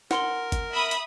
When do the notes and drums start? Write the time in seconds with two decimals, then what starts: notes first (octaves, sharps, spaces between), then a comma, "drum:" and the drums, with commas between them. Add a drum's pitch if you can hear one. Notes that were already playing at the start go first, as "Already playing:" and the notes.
0.11 A#4 F#5 C6 G7, drum: snare
0.52 drum: kick G#1, hi-hat
0.72 E5 B5 D#6
0.91 drum: hi-hat